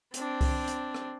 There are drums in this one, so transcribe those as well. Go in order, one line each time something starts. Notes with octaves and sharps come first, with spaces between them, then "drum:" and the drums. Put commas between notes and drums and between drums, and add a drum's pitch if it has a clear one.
C4 D4, drum: hi-hat
drum: kick C2, open hi-hat
drum: hi-hat
drum: rim click